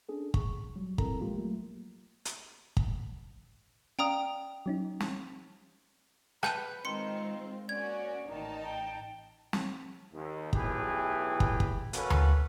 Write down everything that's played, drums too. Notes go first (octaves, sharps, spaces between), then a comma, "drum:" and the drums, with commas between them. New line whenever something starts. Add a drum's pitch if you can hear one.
C#4 D4 G#4 A4
C#6, drum: kick
F#3 G3
C4 E4 A4 A#4 A#5, drum: kick
F3 G#3 A#3 F4 G4
F#3 A3 A#3
drum: hi-hat
drum: kick
C#4 D5 F5 G5 A#5 D#6
F#3 C#4 D#4
drum: snare
B4 A5 G6 D#7, drum: rim click
D#3 G#3 C4 F4 C6 C#7
A#3 C#4 F#4 D5 G#6
A1 D#3 D#4 A5
G5
drum: snare
D#2
B1 A2 E3 G4 G#4 B4, drum: kick
drum: kick
drum: kick
A#3 C#4 F#4 A4 B4, drum: hi-hat
drum: tom D2